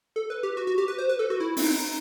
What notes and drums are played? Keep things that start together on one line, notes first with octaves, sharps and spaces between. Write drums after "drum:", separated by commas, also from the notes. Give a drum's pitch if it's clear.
A4
B4
G4
F#4
F#4
G4
B4
C5
B4
A4
F#4
E4
C4, drum: open hi-hat
D#4